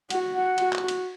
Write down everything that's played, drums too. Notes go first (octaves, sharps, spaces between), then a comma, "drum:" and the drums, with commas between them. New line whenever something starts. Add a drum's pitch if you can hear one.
F#4 F#5, drum: cymbal
F#5
F#4, drum: cymbal
drum: clap
drum: cymbal